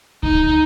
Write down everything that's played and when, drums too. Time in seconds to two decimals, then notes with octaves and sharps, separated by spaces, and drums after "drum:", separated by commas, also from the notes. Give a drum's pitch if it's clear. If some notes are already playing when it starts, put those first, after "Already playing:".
0.23 D#4, drum: kick C#2